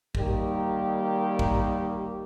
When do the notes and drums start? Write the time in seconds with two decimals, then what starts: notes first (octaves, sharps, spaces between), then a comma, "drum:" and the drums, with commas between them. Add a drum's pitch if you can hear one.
0.15 D#3 G3 A#3 G4, drum: kick
1.39 drum: kick